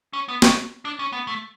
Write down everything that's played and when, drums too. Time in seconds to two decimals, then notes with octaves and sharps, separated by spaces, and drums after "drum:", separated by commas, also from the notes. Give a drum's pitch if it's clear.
0.13 C#4
0.28 B3
0.42 C#4, drum: snare
0.85 D4
0.99 C#4
1.13 B3
1.27 A3